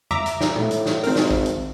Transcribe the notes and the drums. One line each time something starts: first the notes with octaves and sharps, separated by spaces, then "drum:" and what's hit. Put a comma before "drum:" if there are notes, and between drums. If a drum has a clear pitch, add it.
E5 A#5 D6, drum: tom F2
drum: hi-hat
drum: snare
A2, drum: tom
drum: hi-hat
drum: snare
G#1 C4 A#4, drum: open hi-hat
drum: snare
drum: kick A#1
drum: hi-hat